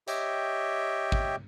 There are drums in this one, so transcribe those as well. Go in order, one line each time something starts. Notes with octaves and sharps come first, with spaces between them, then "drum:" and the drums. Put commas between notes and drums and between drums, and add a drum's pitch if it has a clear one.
G4 C#5 D#5 E5 G5, drum: hi-hat
drum: kick